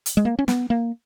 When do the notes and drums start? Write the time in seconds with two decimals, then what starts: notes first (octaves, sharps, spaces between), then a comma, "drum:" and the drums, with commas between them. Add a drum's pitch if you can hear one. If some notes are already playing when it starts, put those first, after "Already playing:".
0.06 drum: hi-hat
0.17 G#3
0.25 A#3
0.39 C#4
0.48 B3, drum: snare
0.70 A#3